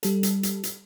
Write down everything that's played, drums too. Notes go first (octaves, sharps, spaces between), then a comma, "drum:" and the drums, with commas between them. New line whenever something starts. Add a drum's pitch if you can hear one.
G3 A4, drum: hi-hat
drum: hi-hat
drum: hi-hat
drum: hi-hat